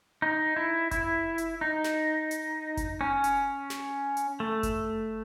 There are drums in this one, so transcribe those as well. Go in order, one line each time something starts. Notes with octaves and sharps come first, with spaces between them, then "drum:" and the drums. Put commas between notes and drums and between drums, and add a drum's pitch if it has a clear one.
D#4
E4
E4, drum: kick F#1, hi-hat
drum: hi-hat
D#4
drum: snare
drum: hi-hat
drum: kick F#1, hi-hat
C#4
drum: hi-hat
drum: snare
drum: hi-hat
A3
drum: kick F#1, hi-hat